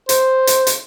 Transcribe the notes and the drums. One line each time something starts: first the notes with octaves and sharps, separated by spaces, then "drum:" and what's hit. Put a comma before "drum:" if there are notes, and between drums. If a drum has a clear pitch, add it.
C5, drum: hi-hat
drum: hi-hat
drum: hi-hat